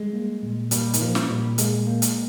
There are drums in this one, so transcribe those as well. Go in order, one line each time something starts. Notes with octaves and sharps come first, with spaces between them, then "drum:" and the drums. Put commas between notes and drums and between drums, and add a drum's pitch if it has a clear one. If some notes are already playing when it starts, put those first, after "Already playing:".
Already playing: G3 G#3
A#3
A#2
G3 A#3, drum: hi-hat
D#3, drum: hi-hat
F3 A#3
drum: snare
A#2 G3
G#3 A#3, drum: hi-hat
A#3
drum: hi-hat